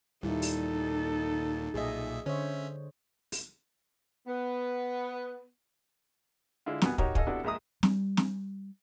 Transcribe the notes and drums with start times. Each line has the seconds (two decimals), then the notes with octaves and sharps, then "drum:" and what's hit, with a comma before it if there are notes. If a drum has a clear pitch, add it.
0.23 D#2 A#2 G3 D#4 E4 A4
0.42 drum: open hi-hat
1.74 B1 A#2 G#4 D#5 E5
2.26 D3 C#4 C5 C#5 E5
3.32 drum: open hi-hat
4.27 B3
6.66 D3 G#3 E4 F4
6.82 C2 B2 B3 G#5 F#6, drum: snare
6.98 D#4 F#4 G4 A#4 C#5 D#5, drum: kick
7.15 A4 D#5 F5 G#5, drum: kick
7.27 C3 B3 D4 E4 F#4 A4
7.44 A#1 G#3 E5 A#5 D#6
7.83 G3, drum: snare
8.17 drum: snare